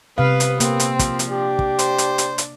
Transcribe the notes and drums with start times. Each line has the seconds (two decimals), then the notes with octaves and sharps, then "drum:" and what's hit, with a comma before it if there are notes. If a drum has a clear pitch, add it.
0.18 C3 B3 B4 F5
0.40 drum: hi-hat
0.60 A#3 C4, drum: hi-hat
0.80 drum: hi-hat
0.99 F3, drum: kick, hi-hat
1.19 drum: hi-hat
1.31 D4 G4
1.59 drum: kick
1.79 C5, drum: hi-hat
1.98 drum: hi-hat
2.18 drum: hi-hat
2.38 drum: hi-hat